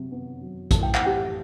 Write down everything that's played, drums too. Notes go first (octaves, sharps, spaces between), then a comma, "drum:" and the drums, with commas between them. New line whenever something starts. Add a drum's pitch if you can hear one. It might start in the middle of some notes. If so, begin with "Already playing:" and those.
Already playing: C3 F#3
B3
F#3
A2 A5, drum: kick A#1, hi-hat
G5
F#5, drum: clap
E3
G4 G5